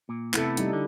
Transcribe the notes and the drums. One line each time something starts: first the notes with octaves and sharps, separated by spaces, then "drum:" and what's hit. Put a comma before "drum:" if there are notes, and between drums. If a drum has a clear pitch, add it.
A#2
C3 A3 B3 E4 A4, drum: clap
G3 D#4, drum: hi-hat
D3